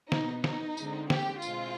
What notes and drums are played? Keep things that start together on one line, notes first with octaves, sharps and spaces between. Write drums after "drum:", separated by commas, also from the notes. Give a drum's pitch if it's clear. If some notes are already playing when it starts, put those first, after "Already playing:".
B2 B3 D#4, drum: snare
D#4, drum: snare
D3 G#3 C4, drum: tambourine
G4, drum: snare
B2 G#3 C4 F4, drum: tambourine